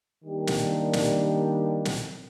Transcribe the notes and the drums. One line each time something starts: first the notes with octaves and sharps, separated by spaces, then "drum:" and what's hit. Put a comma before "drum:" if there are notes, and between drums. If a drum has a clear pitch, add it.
D#3 G3 A#3 D4 G4
drum: snare
drum: snare
drum: snare